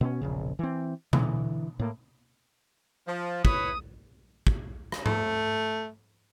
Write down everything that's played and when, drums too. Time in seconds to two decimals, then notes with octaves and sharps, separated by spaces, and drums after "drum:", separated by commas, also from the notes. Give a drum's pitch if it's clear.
0.01 B2 B3 C#4
0.21 E1 A#1 C#3
0.59 E3 C4
1.13 D3 E3, drum: tom B2
1.79 A2 A#3
3.08 F3
3.45 E4 B4 C#5 D#6, drum: kick
4.47 drum: kick
4.92 drum: rim click
5.06 A3, drum: tom G#2